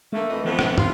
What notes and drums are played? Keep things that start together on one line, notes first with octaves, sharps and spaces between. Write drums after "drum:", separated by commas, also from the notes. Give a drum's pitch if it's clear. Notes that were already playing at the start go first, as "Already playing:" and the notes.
D3 A3 A#3
F2 E3 D#5
F2 E3 F3 B3
drum: rim click
C3 F4, drum: tom